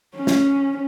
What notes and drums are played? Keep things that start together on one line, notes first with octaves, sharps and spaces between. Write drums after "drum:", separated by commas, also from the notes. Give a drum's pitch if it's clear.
C#4
drum: snare